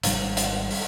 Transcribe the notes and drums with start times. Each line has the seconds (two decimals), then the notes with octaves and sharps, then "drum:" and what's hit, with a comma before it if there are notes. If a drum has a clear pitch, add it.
0.03 G#1 D#3 G3, drum: hi-hat
0.37 drum: hi-hat
0.70 drum: open hi-hat